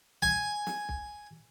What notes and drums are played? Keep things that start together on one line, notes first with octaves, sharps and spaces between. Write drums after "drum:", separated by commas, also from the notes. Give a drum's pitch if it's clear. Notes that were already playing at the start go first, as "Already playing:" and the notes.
G#5, drum: kick B1
drum: snare
drum: kick B1